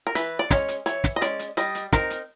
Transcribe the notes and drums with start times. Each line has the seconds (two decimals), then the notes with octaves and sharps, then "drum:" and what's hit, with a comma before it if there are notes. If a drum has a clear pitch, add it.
0.07 A#4
0.15 E3 B4, drum: hi-hat
0.39 D5
0.51 G#3 C#4 C#5, drum: snare
0.68 drum: hi-hat
0.86 E3 C#5, drum: hi-hat
1.04 drum: snare
1.16 D#5
1.21 G#3 C#4 D5, drum: hi-hat
1.39 drum: hi-hat
1.57 G3 D#5, drum: hi-hat
1.75 drum: hi-hat
1.93 C4 D#4 A#4, drum: snare
2.10 drum: hi-hat